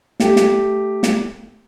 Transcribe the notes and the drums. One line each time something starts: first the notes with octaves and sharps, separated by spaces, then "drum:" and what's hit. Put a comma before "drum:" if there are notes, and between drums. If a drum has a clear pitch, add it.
A3 G4, drum: snare
drum: snare
drum: snare